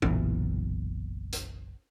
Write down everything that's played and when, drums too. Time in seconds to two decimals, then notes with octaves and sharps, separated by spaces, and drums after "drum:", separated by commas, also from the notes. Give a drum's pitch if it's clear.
0.02 F#1 B1 A#2 E3, drum: tom
1.33 drum: hi-hat